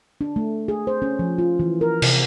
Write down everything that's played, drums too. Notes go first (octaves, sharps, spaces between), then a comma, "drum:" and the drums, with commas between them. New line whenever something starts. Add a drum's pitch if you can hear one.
D4
A3
G#4
C5
C#4
F3
F4
E3
A#4
C3, drum: cymbal